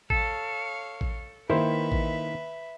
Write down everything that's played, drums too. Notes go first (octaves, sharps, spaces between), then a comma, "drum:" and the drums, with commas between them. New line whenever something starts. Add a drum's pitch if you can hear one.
A4 C#5 F5, drum: kick A1
drum: kick A1
D#3 A#3 E4 B4 C5 E5
drum: kick A1